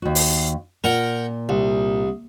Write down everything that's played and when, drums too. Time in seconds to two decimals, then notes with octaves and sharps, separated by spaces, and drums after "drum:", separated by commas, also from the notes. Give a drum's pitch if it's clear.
0.02 D#2 F#4
0.15 drum: open hi-hat
0.84 A#2 A#4 F#5 G5
1.49 C2